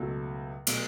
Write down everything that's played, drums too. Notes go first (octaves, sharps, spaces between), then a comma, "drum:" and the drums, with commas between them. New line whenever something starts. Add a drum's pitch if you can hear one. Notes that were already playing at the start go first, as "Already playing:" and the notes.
Already playing: C#2 B2 F#3 A3
B2 F#3 A3, drum: cymbal